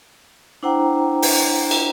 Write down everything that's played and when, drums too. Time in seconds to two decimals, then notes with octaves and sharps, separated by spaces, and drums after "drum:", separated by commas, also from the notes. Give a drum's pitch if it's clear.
0.63 D4 E4 C5 F#5 G5 A#5
1.22 drum: open hi-hat
1.71 drum: cymbal